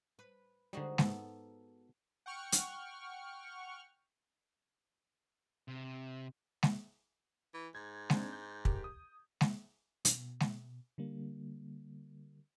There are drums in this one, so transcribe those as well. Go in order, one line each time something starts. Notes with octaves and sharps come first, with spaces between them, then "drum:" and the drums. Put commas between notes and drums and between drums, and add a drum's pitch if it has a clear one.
B4
D3 G3 G#3 D#4 F#4 C5
G#2 B3 A4, drum: snare G#3
F#5 G5 C#6 F6
drum: hi-hat
C3
drum: snare G#3
E3
G#2 G#6
C4 D4, drum: snare G#3
G6
G4 A#4, drum: kick
D#6
drum: snare G#3
B2, drum: hi-hat
drum: snare G#3
D3 G3 A#3